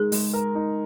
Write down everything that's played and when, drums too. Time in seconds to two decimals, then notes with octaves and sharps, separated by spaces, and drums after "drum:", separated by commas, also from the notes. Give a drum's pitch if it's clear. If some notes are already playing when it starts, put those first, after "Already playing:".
Already playing: G#3 D#4 G#4 A#4
0.12 G#3, drum: open hi-hat
0.33 A#4
0.55 D#4